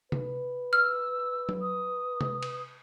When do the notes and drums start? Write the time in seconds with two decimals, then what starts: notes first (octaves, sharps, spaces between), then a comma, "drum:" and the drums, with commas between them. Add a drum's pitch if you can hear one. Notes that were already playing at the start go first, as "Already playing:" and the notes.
0.12 B4, drum: tom C3
0.73 E6 F6
1.49 drum: tom F#3
1.62 D#6
2.21 drum: tom C3
2.43 drum: cymbal